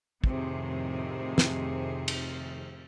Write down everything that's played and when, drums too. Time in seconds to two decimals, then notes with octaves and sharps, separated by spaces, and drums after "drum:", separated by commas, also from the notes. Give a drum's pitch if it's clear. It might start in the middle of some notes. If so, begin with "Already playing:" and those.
0.24 F2 A2 C3 D#3 G#4 C5, drum: kick
1.38 drum: snare
2.08 drum: cymbal